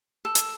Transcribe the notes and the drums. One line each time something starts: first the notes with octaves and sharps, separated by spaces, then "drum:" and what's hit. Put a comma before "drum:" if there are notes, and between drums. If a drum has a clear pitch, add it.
A4
drum: hi-hat